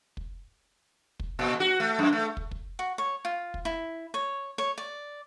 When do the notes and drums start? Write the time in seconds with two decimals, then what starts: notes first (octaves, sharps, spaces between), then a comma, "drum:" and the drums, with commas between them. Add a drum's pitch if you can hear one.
0.17 drum: kick
1.20 drum: kick
1.39 A#2
1.60 F#4
1.80 A3
1.99 F#2
2.12 A3
2.37 drum: kick
2.51 drum: kick
2.79 F#4
2.98 C#5
3.25 F4
3.54 drum: kick
3.65 E4
4.14 C#5
4.58 C#5
4.78 D5